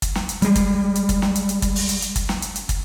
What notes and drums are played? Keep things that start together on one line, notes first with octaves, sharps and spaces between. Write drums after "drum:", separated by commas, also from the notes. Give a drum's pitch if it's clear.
drum: kick, hi-hat
drum: snare
drum: hi-hat
G3 G#3, drum: hi-hat
drum: kick, hi-hat
drum: hi-hat
drum: kick, hi-hat
drum: snare
drum: hi-hat
drum: hi-hat
drum: kick, hi-hat
drum: open hi-hat
drum: hi-hat
drum: hi-hat
drum: kick, hi-hat
drum: snare
drum: hi-hat
drum: hi-hat
drum: kick, hi-hat